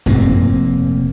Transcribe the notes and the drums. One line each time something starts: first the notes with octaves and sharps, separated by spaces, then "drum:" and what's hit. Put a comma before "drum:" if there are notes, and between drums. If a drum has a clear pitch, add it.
F1 A#3 C4, drum: tom